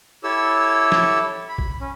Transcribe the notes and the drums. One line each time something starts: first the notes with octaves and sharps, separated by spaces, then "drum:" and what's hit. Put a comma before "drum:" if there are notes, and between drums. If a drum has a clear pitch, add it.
E4 G4 A4 C#5 E6
drum: snare
B5
drum: kick
C#4